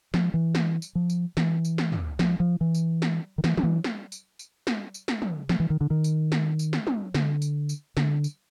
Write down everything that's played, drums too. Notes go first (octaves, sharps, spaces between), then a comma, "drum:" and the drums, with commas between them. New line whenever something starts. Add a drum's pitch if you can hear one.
F3, drum: snare
E3
drum: snare
drum: tambourine
F3
drum: tambourine
E3, drum: snare
drum: tambourine
drum: snare
drum: tom
F3, drum: snare
F3
E3
drum: tambourine
drum: snare
D#3
E3, drum: snare
F3, drum: tom
E3
drum: snare
drum: tambourine
drum: tambourine
drum: snare
drum: tambourine
drum: snare
drum: tom
F3, drum: snare
E3
D#3
D3
D#3
drum: tambourine
drum: snare
drum: tambourine
drum: snare
drum: tom
D3, drum: snare
drum: tambourine
drum: tambourine
D3, drum: snare
drum: tambourine